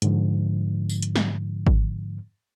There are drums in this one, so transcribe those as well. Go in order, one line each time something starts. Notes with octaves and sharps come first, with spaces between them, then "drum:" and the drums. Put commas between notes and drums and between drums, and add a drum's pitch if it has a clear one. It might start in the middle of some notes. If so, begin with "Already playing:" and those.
G#2 D3 F3, drum: hi-hat
drum: tambourine
drum: hi-hat
drum: snare
drum: kick G#1